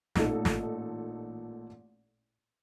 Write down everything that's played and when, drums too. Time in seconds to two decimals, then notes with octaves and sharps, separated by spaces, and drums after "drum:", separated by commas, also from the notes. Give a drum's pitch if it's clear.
0.15 A1 A#2 D#4 A4, drum: snare
0.45 drum: snare